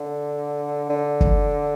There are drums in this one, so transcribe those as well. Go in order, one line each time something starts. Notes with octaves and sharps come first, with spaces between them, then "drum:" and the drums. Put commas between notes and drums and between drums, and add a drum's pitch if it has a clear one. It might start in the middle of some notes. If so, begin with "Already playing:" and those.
Already playing: D3
D3
drum: kick